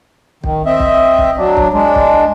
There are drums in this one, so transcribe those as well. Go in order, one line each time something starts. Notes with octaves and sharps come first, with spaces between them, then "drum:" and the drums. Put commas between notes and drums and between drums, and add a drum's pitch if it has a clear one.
D#3, drum: kick
C4 D#5 E5
drum: kick
drum: kick
F#3 D4
drum: kick
G#3 D4
drum: kick